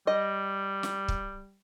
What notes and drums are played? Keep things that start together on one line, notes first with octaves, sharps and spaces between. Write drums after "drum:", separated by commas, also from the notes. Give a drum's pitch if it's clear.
G3 D#5
drum: snare
drum: kick